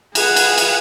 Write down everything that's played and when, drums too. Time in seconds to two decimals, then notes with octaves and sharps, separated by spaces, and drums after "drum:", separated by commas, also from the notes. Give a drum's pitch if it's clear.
0.15 G#4 F#5, drum: cymbal
0.36 drum: cymbal
0.58 drum: cymbal